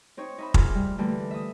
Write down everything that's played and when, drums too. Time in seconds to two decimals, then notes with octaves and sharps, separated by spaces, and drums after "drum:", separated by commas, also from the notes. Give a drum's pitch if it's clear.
0.17 C4 D#4 C#5
0.38 D#4 E5 B5
0.54 F4 G#4 A#4 E5 D6 F6, drum: kick
0.74 G3
0.98 D3 E3 G3 A3 A#3 D4
1.31 E5 D#6